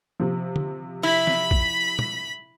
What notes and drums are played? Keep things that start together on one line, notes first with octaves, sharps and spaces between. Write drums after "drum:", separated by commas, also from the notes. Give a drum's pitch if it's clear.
C3 F3
drum: tom D3
E4 B5 B6, drum: open hi-hat
drum: snare
drum: kick
drum: tom